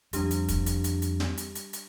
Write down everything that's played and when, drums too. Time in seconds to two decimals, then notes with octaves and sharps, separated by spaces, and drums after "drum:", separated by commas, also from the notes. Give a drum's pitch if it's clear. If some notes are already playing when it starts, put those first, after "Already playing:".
0.13 F2 G3 D4 G4, drum: hi-hat
0.31 drum: hi-hat
0.49 drum: kick, hi-hat
0.66 drum: hi-hat
0.84 drum: hi-hat
1.02 drum: hi-hat
1.20 drum: snare
1.38 drum: hi-hat
1.55 drum: hi-hat
1.73 drum: hi-hat